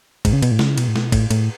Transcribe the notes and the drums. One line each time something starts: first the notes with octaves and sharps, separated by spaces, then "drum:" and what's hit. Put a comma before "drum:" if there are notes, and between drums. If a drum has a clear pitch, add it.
G#2, drum: kick, cymbal
C#3
B2, drum: cymbal
A2
C#3, drum: snare
B2, drum: cymbal
A2
B2, drum: snare
A2, drum: kick, cymbal
A2, drum: cymbal